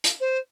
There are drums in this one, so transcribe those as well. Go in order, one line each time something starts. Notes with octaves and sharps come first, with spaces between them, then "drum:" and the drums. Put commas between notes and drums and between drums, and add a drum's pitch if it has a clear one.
drum: hi-hat
C5